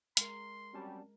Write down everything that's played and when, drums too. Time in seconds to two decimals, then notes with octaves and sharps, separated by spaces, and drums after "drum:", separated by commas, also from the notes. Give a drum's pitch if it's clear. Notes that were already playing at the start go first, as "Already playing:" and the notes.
0.17 G#3 A#4 C6, drum: hi-hat
0.73 F#3 G3 C4 C#4 A5